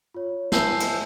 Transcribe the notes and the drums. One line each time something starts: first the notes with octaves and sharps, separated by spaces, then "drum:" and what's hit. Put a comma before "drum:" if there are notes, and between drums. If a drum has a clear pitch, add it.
F4 C#5
E5 G#5 A5 E6 G6 C7, drum: snare
drum: cymbal